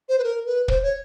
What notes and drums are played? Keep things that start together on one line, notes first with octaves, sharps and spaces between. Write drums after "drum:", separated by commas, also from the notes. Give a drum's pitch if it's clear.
C5
B4
A#4
B4
C5, drum: kick
C#5